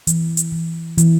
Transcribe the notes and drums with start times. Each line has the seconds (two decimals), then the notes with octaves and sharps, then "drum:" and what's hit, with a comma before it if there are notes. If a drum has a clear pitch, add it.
0.07 E3, drum: hi-hat
0.37 drum: hi-hat
0.52 E3
0.98 E3, drum: hi-hat